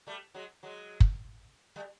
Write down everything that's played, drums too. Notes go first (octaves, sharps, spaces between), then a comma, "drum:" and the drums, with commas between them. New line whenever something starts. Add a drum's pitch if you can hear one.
G3 A3
F#3 G#3
F#3 G#3
drum: kick
G3 A3